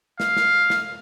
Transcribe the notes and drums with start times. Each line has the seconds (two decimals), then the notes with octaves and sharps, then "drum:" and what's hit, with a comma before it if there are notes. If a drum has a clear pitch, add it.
0.20 F5, drum: snare
0.37 drum: snare
0.70 drum: snare